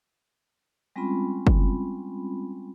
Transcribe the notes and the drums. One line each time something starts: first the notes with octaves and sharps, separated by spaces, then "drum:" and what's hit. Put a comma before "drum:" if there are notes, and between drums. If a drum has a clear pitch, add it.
G3 G#3 C4 C#4 F4 B5
drum: kick